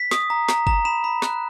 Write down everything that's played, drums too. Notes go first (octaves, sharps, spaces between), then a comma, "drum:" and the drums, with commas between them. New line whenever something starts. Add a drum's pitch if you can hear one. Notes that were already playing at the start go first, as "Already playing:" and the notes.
Already playing: B6
D#6, drum: snare
A#5
A#5, drum: snare
A#5, drum: kick G1
B5 E7
B5
F#6, drum: snare